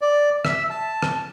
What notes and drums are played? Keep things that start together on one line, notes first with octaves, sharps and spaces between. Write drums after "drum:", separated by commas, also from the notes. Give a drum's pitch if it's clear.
D5
E5, drum: rim click
A5
drum: rim click